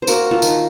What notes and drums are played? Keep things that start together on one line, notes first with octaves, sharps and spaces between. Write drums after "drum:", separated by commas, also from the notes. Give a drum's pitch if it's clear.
C5
A#3 F#4 A#4, drum: tambourine
F4 A4
D#3, drum: tambourine